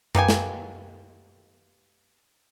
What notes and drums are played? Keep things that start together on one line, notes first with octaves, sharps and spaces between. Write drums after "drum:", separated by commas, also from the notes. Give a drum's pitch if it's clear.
A#3 B3 G4 G#5, drum: tom F#2
drum: snare